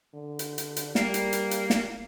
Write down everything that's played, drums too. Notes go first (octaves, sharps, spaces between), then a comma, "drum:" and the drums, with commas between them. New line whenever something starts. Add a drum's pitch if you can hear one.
D3
drum: hi-hat
drum: hi-hat
drum: hi-hat
G3 A#3, drum: snare
drum: hi-hat
drum: hi-hat
drum: hi-hat
drum: snare